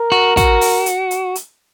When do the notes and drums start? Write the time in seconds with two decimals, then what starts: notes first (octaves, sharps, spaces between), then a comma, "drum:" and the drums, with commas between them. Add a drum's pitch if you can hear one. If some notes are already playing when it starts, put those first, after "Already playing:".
Already playing: A#4
0.12 F#4
0.37 F#4, drum: kick, hi-hat
0.61 drum: open hi-hat
0.86 drum: hi-hat
1.11 drum: hi-hat
1.35 drum: hi-hat